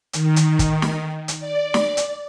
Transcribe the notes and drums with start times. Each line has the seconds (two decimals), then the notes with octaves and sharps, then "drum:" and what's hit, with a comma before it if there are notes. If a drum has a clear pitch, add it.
0.13 D#3, drum: hi-hat
0.36 drum: hi-hat
0.59 drum: kick, hi-hat
0.82 drum: snare
1.28 drum: hi-hat
1.40 D5
1.74 drum: snare
1.97 drum: hi-hat